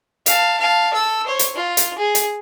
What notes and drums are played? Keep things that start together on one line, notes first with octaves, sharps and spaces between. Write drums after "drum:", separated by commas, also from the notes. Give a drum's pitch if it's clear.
F5 A5, drum: hi-hat
F5 A5
A4 E6
C5 C#5
drum: hi-hat
F4
drum: hi-hat
G#4
drum: hi-hat